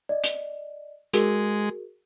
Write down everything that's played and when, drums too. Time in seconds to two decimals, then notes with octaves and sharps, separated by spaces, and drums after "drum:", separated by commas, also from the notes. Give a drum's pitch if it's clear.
0.09 D5 D#5
0.24 drum: hi-hat
1.14 G#3 F#4 G#4 A#4, drum: hi-hat